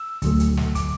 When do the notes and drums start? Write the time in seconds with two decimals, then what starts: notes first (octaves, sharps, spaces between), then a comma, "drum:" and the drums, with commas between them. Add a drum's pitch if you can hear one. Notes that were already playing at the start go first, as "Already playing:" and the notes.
Already playing: E6
0.22 D2 D3 F#3 A3, drum: kick, hi-hat
0.40 drum: hi-hat
0.57 drum: snare
0.75 D6, drum: kick, hi-hat